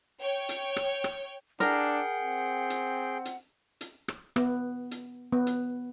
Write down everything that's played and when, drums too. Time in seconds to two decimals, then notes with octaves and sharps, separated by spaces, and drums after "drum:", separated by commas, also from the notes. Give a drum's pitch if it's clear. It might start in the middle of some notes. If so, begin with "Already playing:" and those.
0.20 C#5 G5
0.49 drum: hi-hat
0.76 drum: rim click
1.04 drum: rim click
1.60 D4 G#4 A#4 F#5 G5, drum: hi-hat
2.22 C4
2.70 drum: hi-hat
3.25 drum: hi-hat
3.81 drum: hi-hat
4.08 drum: rim click
4.36 B3, drum: rim click
4.91 drum: hi-hat
5.32 B3
5.47 drum: hi-hat